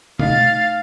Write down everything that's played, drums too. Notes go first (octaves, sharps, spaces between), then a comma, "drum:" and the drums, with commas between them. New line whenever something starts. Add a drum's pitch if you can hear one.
A3 D#4 F5 A6, drum: tom B2